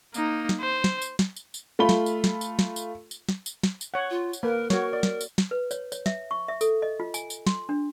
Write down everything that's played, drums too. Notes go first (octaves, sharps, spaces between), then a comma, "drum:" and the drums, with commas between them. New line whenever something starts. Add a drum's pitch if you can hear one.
A#3 D#4, drum: tambourine
drum: snare
C5
drum: snare
drum: tambourine
drum: snare
drum: tambourine
drum: tambourine
A3 F4 B5 G7
drum: snare
drum: tambourine
drum: snare
drum: tambourine
drum: snare
drum: tambourine
drum: tambourine
drum: snare
drum: tambourine
drum: snare
drum: tambourine
C#5 F#5
F4
drum: tambourine
A#3 A#4 B4
F#4 A#4 C#5, drum: snare
D5
drum: snare
drum: tambourine
drum: snare
B4
C#5, drum: tambourine
C#5, drum: tambourine
E5, drum: snare
C#6
E5
A4, drum: tambourine
D#5
F4
G#5, drum: tambourine
drum: tambourine
C6, drum: snare
D4